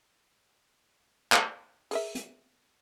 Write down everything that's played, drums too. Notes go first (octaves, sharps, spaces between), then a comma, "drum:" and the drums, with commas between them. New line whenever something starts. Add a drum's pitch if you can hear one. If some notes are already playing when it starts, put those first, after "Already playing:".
drum: clap
G#4 A#4 E5, drum: open hi-hat
drum: hi-hat